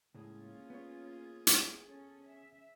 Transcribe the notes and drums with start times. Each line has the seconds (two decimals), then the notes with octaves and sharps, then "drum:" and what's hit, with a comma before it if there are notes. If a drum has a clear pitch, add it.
0.14 C#2 A2 A#3 C#4 F4 G#4
0.70 B3 C#5
1.47 drum: hi-hat
1.85 C#4 A4
2.26 E5